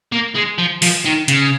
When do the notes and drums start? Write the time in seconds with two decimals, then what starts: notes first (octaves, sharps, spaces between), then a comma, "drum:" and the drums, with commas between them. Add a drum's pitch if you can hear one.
0.12 A#3
0.36 G#3
0.58 F3
0.82 F3, drum: open hi-hat
1.05 D#3
1.28 C#3, drum: hi-hat